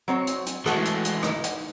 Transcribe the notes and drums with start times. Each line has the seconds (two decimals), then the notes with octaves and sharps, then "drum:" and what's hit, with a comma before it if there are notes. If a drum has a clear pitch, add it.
0.08 F#3 C4 C#5
0.27 drum: hi-hat
0.46 drum: hi-hat
0.66 E3 G#3 A3 F#4 A4, drum: rim click
0.85 drum: hi-hat
1.05 drum: hi-hat
1.23 D#4, drum: rim click
1.44 drum: hi-hat